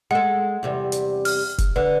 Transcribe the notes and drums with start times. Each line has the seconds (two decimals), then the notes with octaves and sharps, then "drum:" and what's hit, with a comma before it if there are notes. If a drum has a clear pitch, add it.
0.11 G#3 A4 F#5
0.63 E2 C3 G3
0.92 drum: hi-hat
1.25 F6, drum: open hi-hat
1.58 drum: kick, hi-hat
1.76 D3 B4